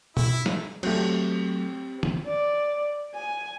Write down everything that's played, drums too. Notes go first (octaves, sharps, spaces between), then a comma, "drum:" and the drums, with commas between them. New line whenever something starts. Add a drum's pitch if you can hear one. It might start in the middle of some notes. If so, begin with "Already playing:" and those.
E4, drum: tom
drum: snare
F#3 A3 C4 G4, drum: cymbal
drum: tom
D5
G#5